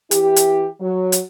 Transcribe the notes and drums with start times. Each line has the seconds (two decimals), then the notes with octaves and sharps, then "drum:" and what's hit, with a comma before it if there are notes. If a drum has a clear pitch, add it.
0.11 E3 E4 G4, drum: hi-hat
0.36 drum: hi-hat
0.80 F#3
1.12 drum: hi-hat